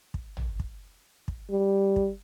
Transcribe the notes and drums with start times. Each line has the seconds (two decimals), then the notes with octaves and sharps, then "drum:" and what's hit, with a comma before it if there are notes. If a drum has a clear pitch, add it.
0.14 drum: kick
0.37 drum: tom
0.60 drum: kick
1.28 drum: kick
1.51 G3
1.96 drum: kick